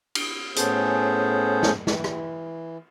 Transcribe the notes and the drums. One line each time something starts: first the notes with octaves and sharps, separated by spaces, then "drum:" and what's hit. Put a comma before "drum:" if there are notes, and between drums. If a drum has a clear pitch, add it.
drum: cymbal
A2 B3 C#4 G#4 A4 C5, drum: hi-hat
drum: snare
E3, drum: snare
drum: rim click